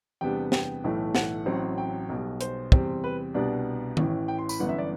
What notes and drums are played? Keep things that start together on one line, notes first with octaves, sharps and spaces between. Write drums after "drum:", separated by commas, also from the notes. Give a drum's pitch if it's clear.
E2 C3 G3 B3 D4 G5
G5, drum: snare
B1 A2 E3 A3
F#5, drum: snare
A1 A2 F#3 C4
G5
B1 B2 G3
C5, drum: hi-hat
E2 C3 G3 C4, drum: kick
B4
C2 B2 G3 B3 D4 D5
A1 A2 E3, drum: tom D#3
G5
C6
B5, drum: tambourine
G1 F#2 E3 B3 F#5
E5
D5